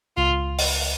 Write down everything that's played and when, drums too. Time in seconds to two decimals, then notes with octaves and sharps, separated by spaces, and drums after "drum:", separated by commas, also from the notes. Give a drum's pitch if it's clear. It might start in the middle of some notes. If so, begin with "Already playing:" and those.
0.17 C#2 F4
0.59 drum: open hi-hat